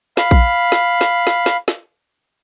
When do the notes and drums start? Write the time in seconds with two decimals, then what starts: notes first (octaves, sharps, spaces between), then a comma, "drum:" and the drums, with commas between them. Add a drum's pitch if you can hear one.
0.17 F5 B5, drum: snare
0.31 drum: kick A#1
0.72 drum: snare
1.01 drum: snare
1.27 drum: snare
1.46 drum: snare
1.68 drum: snare